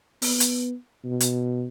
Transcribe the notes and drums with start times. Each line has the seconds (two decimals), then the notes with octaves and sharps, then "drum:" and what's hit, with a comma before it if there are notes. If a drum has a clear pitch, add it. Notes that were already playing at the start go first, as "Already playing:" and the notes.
0.22 B3, drum: open hi-hat
0.40 drum: hi-hat
1.05 B2
1.20 drum: hi-hat